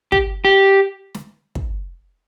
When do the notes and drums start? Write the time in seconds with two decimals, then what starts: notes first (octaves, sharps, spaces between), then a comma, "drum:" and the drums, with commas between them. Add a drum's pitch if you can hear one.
0.12 G4, drum: kick
0.45 G4
1.14 drum: snare
1.55 drum: kick